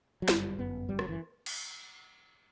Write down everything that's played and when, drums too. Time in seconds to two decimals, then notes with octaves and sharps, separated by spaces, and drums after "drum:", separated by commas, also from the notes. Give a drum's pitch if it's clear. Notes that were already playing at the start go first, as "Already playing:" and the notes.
0.22 F#3
0.28 G1 F#2 G3, drum: snare
0.58 G1 F#2 B3
0.88 G1 F#2 G3
0.99 F#3, drum: rim click
1.09 E3
1.46 drum: cymbal